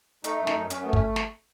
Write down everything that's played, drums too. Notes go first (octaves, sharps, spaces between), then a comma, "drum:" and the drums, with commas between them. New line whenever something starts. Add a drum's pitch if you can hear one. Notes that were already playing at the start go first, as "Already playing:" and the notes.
A3 D#4, drum: hi-hat
F#2
D#4, drum: snare
F#2
F#2 C#4, drum: hi-hat
B3
A3
C#4, drum: kick
drum: snare